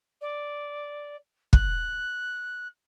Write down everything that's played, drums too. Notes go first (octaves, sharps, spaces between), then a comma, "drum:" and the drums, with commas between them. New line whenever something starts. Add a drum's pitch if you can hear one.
D5
F#6, drum: kick